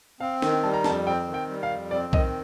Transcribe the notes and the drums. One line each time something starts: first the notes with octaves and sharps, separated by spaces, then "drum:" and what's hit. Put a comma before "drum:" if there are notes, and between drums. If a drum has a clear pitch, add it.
C4 F5
D#3, drum: snare
G3 A5
A#5
F2 A5, drum: snare
C4 G5
D#3
G5
G3
F5
F2
C4 D5
D#3 D#5, drum: kick B1